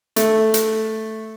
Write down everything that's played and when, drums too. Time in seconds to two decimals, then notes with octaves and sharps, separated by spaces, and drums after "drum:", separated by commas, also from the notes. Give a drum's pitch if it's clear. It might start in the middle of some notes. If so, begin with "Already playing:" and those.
0.16 A3, drum: hi-hat
0.54 drum: hi-hat